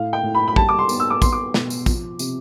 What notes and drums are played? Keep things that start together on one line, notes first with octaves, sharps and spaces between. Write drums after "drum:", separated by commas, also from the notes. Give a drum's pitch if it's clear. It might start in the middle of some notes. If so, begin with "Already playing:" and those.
Already playing: A2 F5
G5
A2
B5
B5
G3 A5, drum: kick
D6
C6
B3, drum: tambourine
E6
D6
B3 C6, drum: kick, tambourine
D6
B2, drum: snare
drum: tambourine
F3, drum: kick, tambourine
C3, drum: tambourine